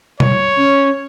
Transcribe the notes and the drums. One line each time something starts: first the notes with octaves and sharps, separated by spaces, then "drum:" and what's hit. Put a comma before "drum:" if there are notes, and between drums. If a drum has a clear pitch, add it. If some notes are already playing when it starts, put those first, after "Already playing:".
C#5, drum: tom B2
C#4